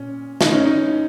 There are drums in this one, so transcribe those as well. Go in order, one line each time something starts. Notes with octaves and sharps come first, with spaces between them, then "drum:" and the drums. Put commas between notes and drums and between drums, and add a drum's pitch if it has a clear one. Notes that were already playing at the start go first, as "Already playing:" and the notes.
Already playing: A#2 C#4
F#2 E3 D#4, drum: snare
C#4
D#4